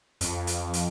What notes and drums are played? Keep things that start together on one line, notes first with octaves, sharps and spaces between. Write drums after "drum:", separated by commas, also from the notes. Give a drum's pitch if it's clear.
F2, drum: hi-hat
drum: hi-hat
drum: hi-hat